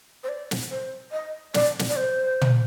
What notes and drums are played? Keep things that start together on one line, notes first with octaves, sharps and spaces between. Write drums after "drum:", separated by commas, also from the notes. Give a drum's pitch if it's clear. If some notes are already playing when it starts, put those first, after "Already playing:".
C5
D5
drum: snare
C5
D#5
D5, drum: snare
drum: snare
D5
C5
drum: tom